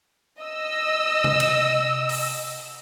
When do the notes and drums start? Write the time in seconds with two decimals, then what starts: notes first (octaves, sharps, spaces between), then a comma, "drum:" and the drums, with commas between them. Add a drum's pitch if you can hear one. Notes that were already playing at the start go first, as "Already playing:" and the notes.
0.40 D#5 E6
1.24 drum: tom C3
1.40 drum: cymbal
2.09 drum: open hi-hat